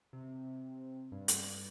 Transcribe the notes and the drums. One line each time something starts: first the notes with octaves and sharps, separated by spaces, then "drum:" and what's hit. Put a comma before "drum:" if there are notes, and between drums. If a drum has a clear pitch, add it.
C3
G2
drum: hi-hat